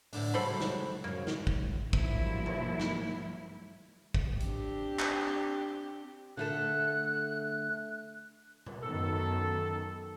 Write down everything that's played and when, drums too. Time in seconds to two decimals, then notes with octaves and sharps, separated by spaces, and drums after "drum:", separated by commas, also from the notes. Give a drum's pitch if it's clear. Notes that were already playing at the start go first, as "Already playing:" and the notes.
0.13 A2 D3 D4, drum: open hi-hat
0.34 C#3 F#3 G3 A4 C5 B5
0.60 drum: snare
1.04 F#2 C#3 A#3
1.27 drum: snare
1.47 drum: kick
1.93 G2 F3 F#3 A#3 E4, drum: kick
2.46 drum: tom B2
2.80 drum: snare
4.14 drum: kick
4.40 C4 D4 G4, drum: hi-hat
4.99 drum: clap
6.37 D3 A3 A4 F#6
8.66 drum: tom B2
8.82 F#2 D#3 B3 A4